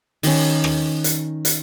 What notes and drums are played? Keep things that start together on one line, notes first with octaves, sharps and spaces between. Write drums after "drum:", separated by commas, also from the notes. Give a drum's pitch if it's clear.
D#3 C#4, drum: open hi-hat
drum: rim click
drum: hi-hat
drum: hi-hat